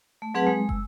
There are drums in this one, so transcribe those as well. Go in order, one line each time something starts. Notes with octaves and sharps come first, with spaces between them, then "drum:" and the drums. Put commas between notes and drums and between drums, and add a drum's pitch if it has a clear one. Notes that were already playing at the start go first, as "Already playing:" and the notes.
A3
F#3 C4 G#4 B4 F#5 A5
G#3
E6, drum: kick